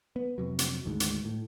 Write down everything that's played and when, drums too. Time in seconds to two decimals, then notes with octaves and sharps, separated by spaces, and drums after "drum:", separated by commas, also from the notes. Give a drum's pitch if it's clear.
0.16 B3
0.38 F2 C3 F#3
0.59 drum: hi-hat
0.86 G#1 D2 G#2
1.00 drum: hi-hat
1.25 A2